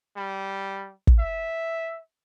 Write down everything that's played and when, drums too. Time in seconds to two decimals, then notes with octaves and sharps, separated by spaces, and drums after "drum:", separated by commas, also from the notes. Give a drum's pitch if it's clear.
0.17 G3
1.07 drum: kick
1.19 E5